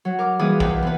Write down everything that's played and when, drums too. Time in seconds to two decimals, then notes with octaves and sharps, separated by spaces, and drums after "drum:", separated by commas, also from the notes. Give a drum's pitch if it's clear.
0.05 F#3
0.19 A#4 D6
0.39 A#2 E3 G3 G#4 B4 D#6
0.60 E2 C3 B4 G6, drum: kick
0.83 E2 B4